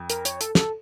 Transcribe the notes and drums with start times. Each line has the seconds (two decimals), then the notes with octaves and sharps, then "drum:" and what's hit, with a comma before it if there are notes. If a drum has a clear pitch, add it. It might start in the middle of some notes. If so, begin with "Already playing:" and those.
Already playing: F2
0.10 A#4, drum: hi-hat
0.25 C#5, drum: hi-hat
0.41 A4, drum: hi-hat
0.55 A4, drum: snare